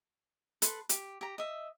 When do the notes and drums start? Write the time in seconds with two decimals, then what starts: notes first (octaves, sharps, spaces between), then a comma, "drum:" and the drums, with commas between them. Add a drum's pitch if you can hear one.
0.62 A4 B4 C6, drum: hi-hat
0.89 G4, drum: hi-hat
1.21 G4 A#5
1.38 D#5 E5